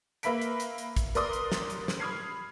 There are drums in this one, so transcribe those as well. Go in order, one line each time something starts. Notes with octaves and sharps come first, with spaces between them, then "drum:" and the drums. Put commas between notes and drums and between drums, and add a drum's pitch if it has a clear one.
A#3 B4 E5 B5 B6 D7, drum: hi-hat
drum: hi-hat
drum: hi-hat
drum: hi-hat
drum: kick, hi-hat
A#4 B4 D5 C6 D#6, drum: hi-hat
drum: hi-hat
drum: snare
drum: hi-hat
drum: snare
B5 D#6 F6 G#6 C7